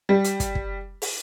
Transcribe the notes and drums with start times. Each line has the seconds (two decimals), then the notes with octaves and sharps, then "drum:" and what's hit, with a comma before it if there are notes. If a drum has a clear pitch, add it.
0.09 G3
0.24 drum: hi-hat
0.40 drum: kick, hi-hat
0.55 drum: kick
1.02 drum: open hi-hat